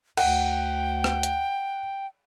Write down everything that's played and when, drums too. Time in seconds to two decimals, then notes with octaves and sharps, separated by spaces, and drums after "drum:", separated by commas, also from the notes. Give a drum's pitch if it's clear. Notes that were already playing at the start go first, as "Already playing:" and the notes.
0.17 D2 F#5 G5, drum: cymbal
1.04 drum: rim click
1.23 drum: hi-hat